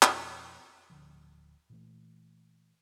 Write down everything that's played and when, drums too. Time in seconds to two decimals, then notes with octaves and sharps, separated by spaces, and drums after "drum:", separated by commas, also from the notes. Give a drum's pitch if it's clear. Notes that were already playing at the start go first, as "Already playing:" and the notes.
0.03 F2 B2, drum: clap
0.90 D1 A#1 D3 F3
1.70 A#2 E3 A3